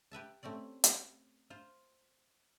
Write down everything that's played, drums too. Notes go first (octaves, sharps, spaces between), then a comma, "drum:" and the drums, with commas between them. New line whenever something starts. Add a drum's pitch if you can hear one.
G4 B4 E5 A5
A3 C4 C#4 D5
drum: hi-hat
F4 C5